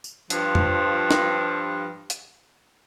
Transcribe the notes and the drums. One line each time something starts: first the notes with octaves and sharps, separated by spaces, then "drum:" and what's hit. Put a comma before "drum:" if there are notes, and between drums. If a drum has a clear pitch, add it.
drum: tambourine
G2 F3, drum: hi-hat
drum: tom F2
drum: snare
drum: hi-hat